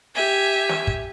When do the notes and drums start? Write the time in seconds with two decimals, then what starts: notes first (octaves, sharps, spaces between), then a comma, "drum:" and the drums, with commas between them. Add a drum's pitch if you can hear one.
0.15 G4 E5 G#5
0.69 drum: snare
0.87 drum: kick